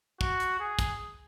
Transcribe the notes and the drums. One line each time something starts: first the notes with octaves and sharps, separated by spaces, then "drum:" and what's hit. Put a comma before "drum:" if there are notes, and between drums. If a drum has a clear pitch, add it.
F#4, drum: kick
drum: hi-hat
G#4
drum: kick, hi-hat